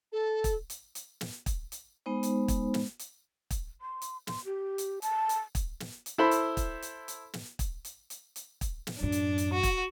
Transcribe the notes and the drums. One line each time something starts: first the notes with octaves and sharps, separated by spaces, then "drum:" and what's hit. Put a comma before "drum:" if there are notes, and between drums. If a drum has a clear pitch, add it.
A4
drum: kick, hi-hat
drum: hi-hat
drum: hi-hat
drum: snare
drum: kick, hi-hat
drum: hi-hat
G#3 B3 D#4 C5
drum: hi-hat
drum: kick, hi-hat
drum: snare
drum: hi-hat
drum: kick, hi-hat
C6
drum: hi-hat
C6, drum: snare
G4
drum: hi-hat
A5, drum: hi-hat
drum: hi-hat
drum: kick, hi-hat
drum: snare
drum: hi-hat
E4 A4 C5 B5
drum: hi-hat
drum: kick, hi-hat
drum: hi-hat
drum: hi-hat
drum: snare
drum: kick, hi-hat
drum: hi-hat
drum: hi-hat
drum: hi-hat
drum: kick, hi-hat
drum: snare
A1 F#2 D4
drum: hi-hat
drum: hi-hat
F#4
drum: kick, hi-hat